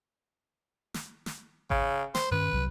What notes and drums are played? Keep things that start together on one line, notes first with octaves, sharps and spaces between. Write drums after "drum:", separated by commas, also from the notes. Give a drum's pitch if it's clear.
drum: snare
drum: snare
C#3, drum: kick G#1
C5, drum: snare
G2 D#3 C#4 B4
C2 F#3